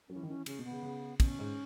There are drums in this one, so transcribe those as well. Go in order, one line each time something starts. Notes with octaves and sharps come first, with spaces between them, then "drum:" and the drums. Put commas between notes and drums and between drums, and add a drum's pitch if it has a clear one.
F#3 C#4
E3
D#3
E3 C#4
C#3 C#4, drum: cymbal
B2
B3
C#3
C#3
B2 C#4, drum: kick, cymbal
G#2